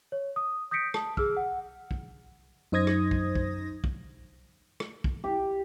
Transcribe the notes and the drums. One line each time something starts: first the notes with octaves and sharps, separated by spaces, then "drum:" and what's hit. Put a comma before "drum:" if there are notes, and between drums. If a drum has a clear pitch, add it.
C#5
D#6
D#6 G6 A#6 B6 C#7 D7
A5 D#6, drum: rim click
G#4 E6 F6, drum: kick
F#5
drum: kick
F#2 D#4 C5 D#6 G#6 A#6
drum: rim click
drum: kick
drum: kick
drum: kick
drum: rim click
drum: kick
G4